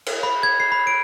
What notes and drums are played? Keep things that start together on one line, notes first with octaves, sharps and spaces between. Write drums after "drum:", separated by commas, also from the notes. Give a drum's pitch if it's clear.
drum: cymbal
B5
G#6
C7
B5
D7